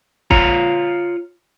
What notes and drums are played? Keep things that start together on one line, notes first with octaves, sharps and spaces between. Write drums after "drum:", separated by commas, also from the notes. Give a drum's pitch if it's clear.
F4 C#5 A#5, drum: kick